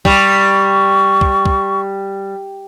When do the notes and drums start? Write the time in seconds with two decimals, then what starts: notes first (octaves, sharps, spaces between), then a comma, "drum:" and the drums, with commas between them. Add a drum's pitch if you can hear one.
0.05 G3 C#6, drum: kick
1.21 drum: kick
1.45 drum: kick